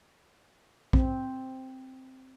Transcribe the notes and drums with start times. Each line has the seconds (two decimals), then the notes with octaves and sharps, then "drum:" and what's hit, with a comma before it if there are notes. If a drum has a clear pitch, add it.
0.93 C4, drum: kick A#1